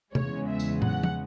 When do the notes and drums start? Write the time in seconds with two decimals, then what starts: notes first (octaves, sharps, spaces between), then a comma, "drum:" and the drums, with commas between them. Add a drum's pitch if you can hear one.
0.15 E2 C#3 G#3 C#5, drum: tom C3
0.49 E5
0.59 drum: tambourine
0.82 F#5, drum: tom
1.03 drum: tom